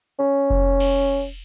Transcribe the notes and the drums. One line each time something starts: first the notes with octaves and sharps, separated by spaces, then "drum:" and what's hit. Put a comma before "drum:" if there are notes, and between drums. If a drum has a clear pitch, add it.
C#4
drum: kick F1
drum: cymbal